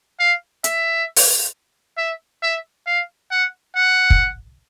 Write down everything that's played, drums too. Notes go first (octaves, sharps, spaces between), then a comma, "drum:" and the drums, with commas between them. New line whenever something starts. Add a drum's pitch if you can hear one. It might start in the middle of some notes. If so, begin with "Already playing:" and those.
F5
E5, drum: hi-hat
drum: open hi-hat
E5
E5
F5
F#5
F#5
drum: kick